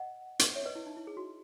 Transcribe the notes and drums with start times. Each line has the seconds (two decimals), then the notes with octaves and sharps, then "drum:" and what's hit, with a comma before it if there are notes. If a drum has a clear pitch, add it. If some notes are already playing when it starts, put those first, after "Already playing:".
Already playing: D#5 F#5
0.39 drum: hi-hat
0.55 C#5 E5
0.65 B4 D#5
0.75 E4
0.87 D#4
0.97 E4
1.07 G#4
1.17 F#4